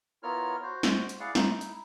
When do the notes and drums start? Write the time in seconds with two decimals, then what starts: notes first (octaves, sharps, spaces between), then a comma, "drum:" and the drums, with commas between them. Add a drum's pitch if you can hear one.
0.23 B3 E4 F4 A#4 C#5 F6
0.63 F#4 C5
0.83 drum: snare
1.09 drum: hi-hat
1.20 E4 G#4 D5 F5 F#5
1.35 D#4 E4, drum: snare
1.61 drum: hi-hat